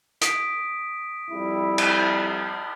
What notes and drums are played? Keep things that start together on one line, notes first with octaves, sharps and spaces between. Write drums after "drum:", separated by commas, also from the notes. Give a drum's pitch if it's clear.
D#6 B6 D7, drum: hi-hat
F2 G3 E4
drum: cymbal